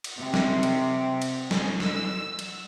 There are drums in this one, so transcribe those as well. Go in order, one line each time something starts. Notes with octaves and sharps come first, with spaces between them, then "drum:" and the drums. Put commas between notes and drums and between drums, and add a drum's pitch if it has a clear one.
drum: cymbal
C3
drum: snare
drum: cymbal
drum: cymbal
drum: snare
E6, drum: snare
drum: cymbal